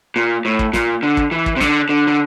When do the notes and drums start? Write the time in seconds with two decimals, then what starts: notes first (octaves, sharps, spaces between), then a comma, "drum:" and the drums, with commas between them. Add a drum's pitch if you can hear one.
0.16 A#2
0.45 A2
0.59 drum: kick
0.73 A#2, drum: snare
1.03 D3
1.17 drum: kick
1.32 E3
1.46 drum: kick
1.56 C3
1.60 D3, drum: snare
1.89 D3
2.07 D3